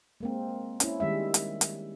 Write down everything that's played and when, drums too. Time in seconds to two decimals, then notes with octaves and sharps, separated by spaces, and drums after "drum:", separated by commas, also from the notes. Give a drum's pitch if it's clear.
0.21 G#3 A#3 C4
0.80 C#4 E4, drum: hi-hat
1.00 D#3 G3 G#3 E5
1.34 drum: hi-hat
1.61 drum: hi-hat